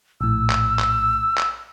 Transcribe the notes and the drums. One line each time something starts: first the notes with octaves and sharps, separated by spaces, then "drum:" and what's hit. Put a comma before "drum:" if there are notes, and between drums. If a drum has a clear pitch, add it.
A#1 A2 E6
drum: clap
drum: clap
drum: clap